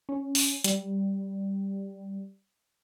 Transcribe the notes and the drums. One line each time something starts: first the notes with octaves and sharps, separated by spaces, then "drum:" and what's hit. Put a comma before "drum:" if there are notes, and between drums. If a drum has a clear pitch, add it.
C#4
drum: open hi-hat
G3, drum: hi-hat